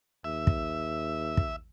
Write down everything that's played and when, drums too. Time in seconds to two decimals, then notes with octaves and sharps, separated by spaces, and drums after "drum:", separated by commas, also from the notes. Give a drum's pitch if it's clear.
0.24 D#2 E5
0.47 drum: kick
1.37 drum: kick